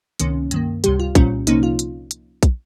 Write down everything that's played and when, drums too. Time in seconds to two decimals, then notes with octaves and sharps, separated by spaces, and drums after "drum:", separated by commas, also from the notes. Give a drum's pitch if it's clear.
0.20 C#2 C3 D#3 A#3 C#4, drum: hi-hat
0.51 G2 D#3 A#3, drum: hi-hat
0.84 C#2 C3 G3 G4, drum: hi-hat
1.00 F4
1.15 C2 A#2 G3 C#4 F4, drum: kick, hi-hat
1.47 C2 C3 F3 A#3 C#4 D#4, drum: hi-hat
1.63 F4
1.79 drum: hi-hat
2.11 drum: hi-hat
2.43 drum: kick, hi-hat